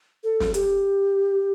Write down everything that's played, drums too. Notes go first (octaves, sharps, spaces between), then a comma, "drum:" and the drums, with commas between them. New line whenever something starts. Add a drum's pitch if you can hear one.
A4
drum: snare
G4, drum: hi-hat